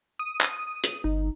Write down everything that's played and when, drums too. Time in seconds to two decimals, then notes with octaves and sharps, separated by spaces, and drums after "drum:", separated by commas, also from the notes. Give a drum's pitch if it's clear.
0.19 D#6 D#7
0.41 drum: clap
0.84 drum: hi-hat
1.04 G1 D#4